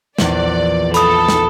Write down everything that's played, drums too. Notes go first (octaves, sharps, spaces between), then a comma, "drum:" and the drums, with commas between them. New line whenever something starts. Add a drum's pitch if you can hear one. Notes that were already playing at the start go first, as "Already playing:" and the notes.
A#1 E2 D5 F#6, drum: snare
A4 B5 D#6, drum: hi-hat
drum: snare